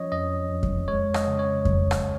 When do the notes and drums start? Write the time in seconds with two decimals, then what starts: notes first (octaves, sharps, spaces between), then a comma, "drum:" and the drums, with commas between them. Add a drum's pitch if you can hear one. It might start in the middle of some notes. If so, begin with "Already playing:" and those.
Already playing: F3 C#4 C#5 D#5
0.12 F2 D#5
0.50 F2
0.63 drum: kick F2
0.88 G#3 C#5
1.14 D#5, drum: rim click
1.27 C#3
1.39 C#5
1.65 C#2, drum: kick F2
1.91 drum: rim click